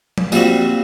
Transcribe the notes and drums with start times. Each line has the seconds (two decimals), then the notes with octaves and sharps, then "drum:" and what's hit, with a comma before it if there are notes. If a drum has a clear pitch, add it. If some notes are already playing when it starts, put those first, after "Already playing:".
0.18 drum: tom
0.32 A#2 G3 C4 F#4, drum: tambourine